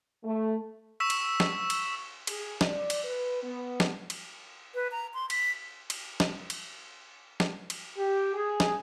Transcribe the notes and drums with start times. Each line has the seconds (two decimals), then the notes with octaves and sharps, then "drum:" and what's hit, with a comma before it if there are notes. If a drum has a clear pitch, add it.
0.24 A3
1.00 C#6 E6 B6 E7
1.10 drum: cymbal
1.40 drum: snare
1.70 drum: cymbal
2.27 G#4, drum: cymbal
2.61 D5, drum: snare
2.90 drum: cymbal
3.04 B4
3.42 B3
3.80 drum: snare
4.10 drum: cymbal
4.74 B4
4.91 A#5
5.14 C6
5.30 B6, drum: cymbal
5.90 drum: cymbal
6.20 drum: snare
6.50 drum: cymbal
7.40 drum: snare
7.70 drum: cymbal
7.97 G4
8.35 G#4
8.60 drum: snare